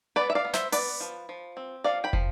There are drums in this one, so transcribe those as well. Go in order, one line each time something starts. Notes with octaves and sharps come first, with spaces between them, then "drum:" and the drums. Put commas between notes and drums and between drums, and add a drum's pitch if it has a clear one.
B3 B4 D5
E5
D5 F5
B3
C5 E5, drum: snare
B3 B4 D5, drum: open hi-hat
F3
F3
C4
F3 D5 F5
G5 B5
F3, drum: kick